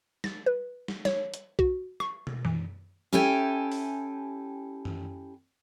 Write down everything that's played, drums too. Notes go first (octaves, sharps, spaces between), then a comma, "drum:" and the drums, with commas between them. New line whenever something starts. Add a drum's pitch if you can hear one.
A6, drum: snare
B4
drum: snare
C#5, drum: snare
drum: hi-hat
F#4, drum: kick B1
C#6, drum: rim click
drum: tom
E3, drum: tom F#2
C#4 E4 G4 A4 G5 G#5
drum: open hi-hat
drum: tom F#2